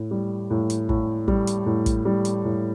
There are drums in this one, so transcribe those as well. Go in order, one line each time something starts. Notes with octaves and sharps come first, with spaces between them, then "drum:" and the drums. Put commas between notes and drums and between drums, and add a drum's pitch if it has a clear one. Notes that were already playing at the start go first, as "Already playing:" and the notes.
Already playing: A2
G3
A2
drum: hi-hat
A2, drum: kick
G3, drum: kick
drum: hi-hat
A2
drum: kick, hi-hat
G3
drum: hi-hat
A2